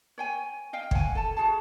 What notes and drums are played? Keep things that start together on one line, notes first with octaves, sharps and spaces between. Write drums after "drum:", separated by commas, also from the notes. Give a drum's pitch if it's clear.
C#5 G5 G#5
D#5 F5 G5
C#5 F#5 G#5, drum: kick
A4 A5
F#4 G#4 A4 A5